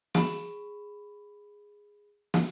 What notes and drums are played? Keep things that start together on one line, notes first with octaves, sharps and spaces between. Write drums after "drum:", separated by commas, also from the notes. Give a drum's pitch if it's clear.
G#4 B5, drum: snare
drum: snare